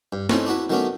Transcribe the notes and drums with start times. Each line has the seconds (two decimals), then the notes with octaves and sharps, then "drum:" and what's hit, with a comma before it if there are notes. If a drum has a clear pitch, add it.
0.13 G2
0.29 A3 C4 C#4 D#4 E4, drum: snare
0.46 D4 E4 F#4 B4
0.70 D#3 F#3 A3 B3 C#4 D4